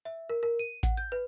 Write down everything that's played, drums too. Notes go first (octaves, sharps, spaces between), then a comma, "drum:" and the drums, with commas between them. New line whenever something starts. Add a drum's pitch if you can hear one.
E5
A#4
A#4
D#7
F#5, drum: kick A1, hi-hat
G6
B4